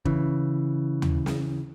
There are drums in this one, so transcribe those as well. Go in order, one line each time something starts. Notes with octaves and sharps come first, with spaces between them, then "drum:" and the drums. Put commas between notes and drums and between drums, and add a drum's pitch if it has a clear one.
C#3 E3, drum: kick E1
drum: tom D#2
drum: snare